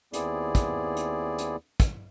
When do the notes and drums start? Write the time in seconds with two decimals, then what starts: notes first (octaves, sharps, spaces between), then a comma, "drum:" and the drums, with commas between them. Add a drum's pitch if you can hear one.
0.13 D#2 B3 C4 E4 G#4 D5, drum: hi-hat
0.55 drum: kick, hi-hat
0.96 drum: hi-hat
1.38 drum: hi-hat
1.80 drum: kick, hi-hat